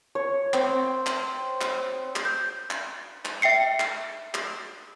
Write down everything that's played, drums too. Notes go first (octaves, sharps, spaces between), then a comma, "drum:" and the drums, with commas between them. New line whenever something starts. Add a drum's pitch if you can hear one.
C#5
C4, drum: clap
drum: clap
drum: clap
drum: clap
G6
drum: clap
drum: clap
E5 G5 C7 C#7
drum: clap
drum: clap